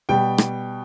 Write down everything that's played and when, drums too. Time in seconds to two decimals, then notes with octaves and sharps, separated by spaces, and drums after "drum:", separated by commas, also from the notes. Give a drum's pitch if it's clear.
0.09 B2 G3 G5
0.38 drum: rim click